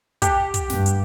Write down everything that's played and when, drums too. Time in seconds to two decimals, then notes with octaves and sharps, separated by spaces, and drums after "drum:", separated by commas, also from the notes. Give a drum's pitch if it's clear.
0.22 G4 F#5 A5, drum: kick, hi-hat
0.54 drum: kick, hi-hat
0.70 G2, drum: snare
0.86 drum: hi-hat